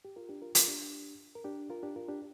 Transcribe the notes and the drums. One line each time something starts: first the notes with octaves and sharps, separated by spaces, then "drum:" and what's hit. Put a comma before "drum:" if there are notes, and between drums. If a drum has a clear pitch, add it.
G4
F4 A#4
D4 G4
F4 A#4
F4 A#4, drum: hi-hat
D4 G4
A#4
D4 G4
F4 A#4
D4 G4
F4 A#4
D4 G4